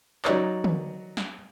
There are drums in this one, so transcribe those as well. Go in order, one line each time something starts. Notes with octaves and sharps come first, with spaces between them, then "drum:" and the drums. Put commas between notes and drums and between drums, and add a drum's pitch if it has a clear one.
F#3 D#4 C#5 D5, drum: clap
drum: tom
drum: snare